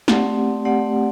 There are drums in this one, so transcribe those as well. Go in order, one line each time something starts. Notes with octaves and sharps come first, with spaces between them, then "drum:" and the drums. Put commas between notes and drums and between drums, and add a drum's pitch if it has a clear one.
A3 C4 G4 D5 F#5, drum: snare
A3 C4 G4 D5 F#5